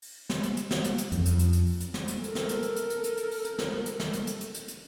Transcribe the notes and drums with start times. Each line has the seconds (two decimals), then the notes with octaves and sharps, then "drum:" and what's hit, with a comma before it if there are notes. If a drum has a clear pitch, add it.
0.02 drum: open hi-hat
0.30 drum: snare
0.43 drum: hi-hat
0.57 drum: hi-hat
0.71 drum: snare
0.84 drum: hi-hat
0.98 drum: hi-hat
1.12 F2, drum: hi-hat
1.25 drum: hi-hat
1.39 drum: hi-hat
1.53 drum: hi-hat
1.67 drum: open hi-hat
1.80 drum: hi-hat
1.94 drum: snare
2.08 drum: hi-hat
2.24 A4 A#4, drum: hi-hat
2.35 drum: snare
2.49 drum: hi-hat
2.63 drum: hi-hat
2.76 drum: hi-hat
2.90 drum: hi-hat
3.04 drum: hi-hat
3.17 drum: hi-hat
3.31 drum: open hi-hat
3.45 drum: hi-hat
3.58 drum: snare
3.86 drum: hi-hat
4.00 drum: snare
4.13 drum: hi-hat
4.27 drum: hi-hat
4.41 drum: hi-hat
4.54 drum: hi-hat
4.68 drum: hi-hat